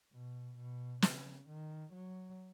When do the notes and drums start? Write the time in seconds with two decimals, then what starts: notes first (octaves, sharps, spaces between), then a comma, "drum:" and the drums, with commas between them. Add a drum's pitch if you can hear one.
0.13 B2
0.58 B2
1.02 C#3, drum: snare
1.48 D#3
1.93 F#3